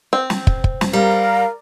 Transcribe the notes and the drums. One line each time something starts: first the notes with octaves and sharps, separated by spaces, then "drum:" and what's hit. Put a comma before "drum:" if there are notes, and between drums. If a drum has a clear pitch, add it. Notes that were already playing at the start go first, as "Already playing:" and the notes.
C4
drum: snare
drum: kick
drum: kick
drum: snare
G3 A#4 F5